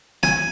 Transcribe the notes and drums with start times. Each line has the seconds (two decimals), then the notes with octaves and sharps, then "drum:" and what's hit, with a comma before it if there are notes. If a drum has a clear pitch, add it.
0.23 G#5, drum: rim click